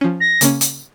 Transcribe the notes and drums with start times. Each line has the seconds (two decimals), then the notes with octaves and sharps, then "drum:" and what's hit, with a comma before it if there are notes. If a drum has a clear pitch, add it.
0.01 F3 C#4
0.21 A#6
0.41 C#3 A#3 C#4, drum: hi-hat
0.61 drum: hi-hat